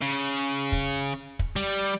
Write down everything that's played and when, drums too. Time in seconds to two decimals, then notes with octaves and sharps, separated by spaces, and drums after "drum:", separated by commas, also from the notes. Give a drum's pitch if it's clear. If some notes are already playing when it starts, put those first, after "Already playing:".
0.01 C#3
0.72 drum: kick
1.39 drum: kick
1.56 G3